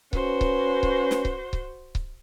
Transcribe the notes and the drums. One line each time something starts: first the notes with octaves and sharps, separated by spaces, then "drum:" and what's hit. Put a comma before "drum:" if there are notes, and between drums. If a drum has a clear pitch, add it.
C#4 F#4 B4 C5, drum: kick C#1
drum: kick C#1
drum: kick C#1
drum: snare
drum: kick C#1
drum: kick C#1
drum: kick C#1